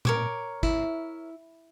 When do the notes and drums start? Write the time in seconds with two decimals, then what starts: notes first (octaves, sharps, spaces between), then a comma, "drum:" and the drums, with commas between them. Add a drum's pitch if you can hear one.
0.05 A#4 C#5 D6, drum: tom A#2
0.63 E4, drum: kick